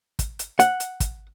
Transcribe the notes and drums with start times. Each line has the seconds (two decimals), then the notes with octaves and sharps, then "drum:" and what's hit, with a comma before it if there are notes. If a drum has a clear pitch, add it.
0.19 drum: kick, hi-hat
0.39 drum: hi-hat
0.60 F#5, drum: hi-hat
0.80 drum: hi-hat
1.00 drum: kick, hi-hat